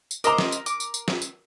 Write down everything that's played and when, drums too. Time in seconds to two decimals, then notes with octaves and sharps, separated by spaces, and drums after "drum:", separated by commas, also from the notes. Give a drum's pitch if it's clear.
0.11 drum: tambourine
0.24 A#4 C5 D#5 A#5 D6, drum: tambourine
0.38 drum: snare
0.52 drum: tambourine
0.66 D6, drum: tambourine
0.80 drum: tambourine
0.94 drum: tambourine
1.08 drum: snare
1.22 drum: tambourine